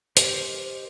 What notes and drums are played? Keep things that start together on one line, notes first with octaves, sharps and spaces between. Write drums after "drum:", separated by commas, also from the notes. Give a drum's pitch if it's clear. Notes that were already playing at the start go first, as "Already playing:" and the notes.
G4 A#4 C5 D#5, drum: hi-hat